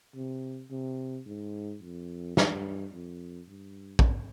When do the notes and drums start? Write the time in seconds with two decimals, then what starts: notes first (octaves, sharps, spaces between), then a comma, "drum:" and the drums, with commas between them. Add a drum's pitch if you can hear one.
0.15 C3
0.71 C3
1.26 G#2
1.82 F2
2.37 G2, drum: snare
2.92 F2
3.48 G2
3.99 drum: kick